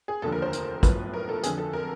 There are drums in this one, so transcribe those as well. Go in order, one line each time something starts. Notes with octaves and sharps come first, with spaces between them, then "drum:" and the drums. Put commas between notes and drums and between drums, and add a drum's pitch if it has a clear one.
G#4
F1 D#2 D3 F3 A4
A#4
C5
drum: hi-hat
B1 A2 F3 B4, drum: kick, hi-hat
A#4
A4
F2 D3 F3 G#4, drum: hi-hat
A4
A#4